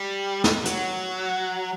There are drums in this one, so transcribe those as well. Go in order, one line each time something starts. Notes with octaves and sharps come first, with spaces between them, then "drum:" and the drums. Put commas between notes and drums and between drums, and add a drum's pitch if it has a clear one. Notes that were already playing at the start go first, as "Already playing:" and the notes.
Already playing: G3
drum: snare
F#3, drum: hi-hat